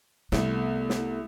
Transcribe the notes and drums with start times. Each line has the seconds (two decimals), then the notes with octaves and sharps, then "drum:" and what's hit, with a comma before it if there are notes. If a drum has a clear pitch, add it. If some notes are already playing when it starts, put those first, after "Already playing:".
0.32 C2 A3 B3, drum: snare
0.90 drum: snare